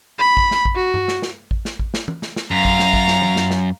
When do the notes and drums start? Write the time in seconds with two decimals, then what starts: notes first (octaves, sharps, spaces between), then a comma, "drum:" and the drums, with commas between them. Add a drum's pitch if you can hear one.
0.19 B5
0.37 drum: kick A1
0.51 drum: snare
0.65 drum: kick A1
0.76 F#4
0.94 drum: tom G2
1.08 drum: snare
1.22 drum: snare
1.51 drum: kick A1
1.65 drum: snare
1.79 drum: kick A1
1.94 drum: snare
2.08 drum: tom
2.22 drum: snare
2.36 drum: snare
2.51 F#2 F5 A#5
2.65 drum: kick A1
2.79 drum: snare
2.93 drum: kick A1
3.08 drum: snare
3.22 drum: tom
3.36 drum: snare
3.51 drum: snare